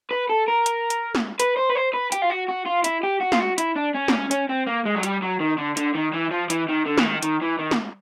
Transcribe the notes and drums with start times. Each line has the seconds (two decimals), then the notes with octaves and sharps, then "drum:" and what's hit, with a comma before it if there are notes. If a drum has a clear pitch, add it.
0.11 B4
0.29 A4
0.48 A#4
0.66 drum: hi-hat
0.90 drum: hi-hat
1.15 drum: snare
1.40 B4, drum: hi-hat
1.57 C5
1.69 B4
1.75 C5
1.94 B4
2.12 G4, drum: hi-hat
2.22 F4
2.30 F#4
2.49 F#4
2.66 F4
2.84 E4, drum: hi-hat
3.03 G4
3.21 F#4
3.32 F4, drum: snare
3.39 F#4
3.58 E4, drum: hi-hat
3.76 D4
3.95 C#4
4.08 C4, drum: snare
4.13 C#4
4.31 C#4, drum: hi-hat
4.49 C4
4.67 A#3
4.86 G#3
4.95 F#3
5.03 G3, drum: hi-hat
5.22 F#3
5.40 D#3
5.58 D3
5.77 D3, drum: hi-hat
5.95 D#3
6.14 E3
6.31 F3
6.50 E3, drum: hi-hat
6.69 D#3
6.86 D3
6.98 E3, drum: snare
7.04 D#3
7.23 D#3, drum: hi-hat
7.42 E3
7.59 D#3
7.71 drum: snare